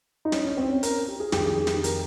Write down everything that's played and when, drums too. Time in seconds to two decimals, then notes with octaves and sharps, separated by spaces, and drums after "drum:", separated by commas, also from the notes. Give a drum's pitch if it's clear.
0.25 D#4
0.32 C#4, drum: snare
0.45 C#4
0.57 C4
0.70 C#4
0.83 A#4, drum: hi-hat
1.08 G4
1.20 G#4
1.32 F2 D#3 G4, drum: snare
1.45 G#4
1.57 G4
1.67 drum: snare
1.84 A#4, drum: hi-hat